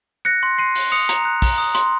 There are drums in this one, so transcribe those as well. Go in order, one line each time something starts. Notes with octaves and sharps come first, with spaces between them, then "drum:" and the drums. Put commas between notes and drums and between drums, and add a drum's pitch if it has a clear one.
F#6 A#6 C#7
C6
C6 C7 D#7
F#6, drum: open hi-hat
D#6 C#7 F7
A#5, drum: hi-hat
F#6
A#5, drum: kick, open hi-hat
D#6
C6, drum: hi-hat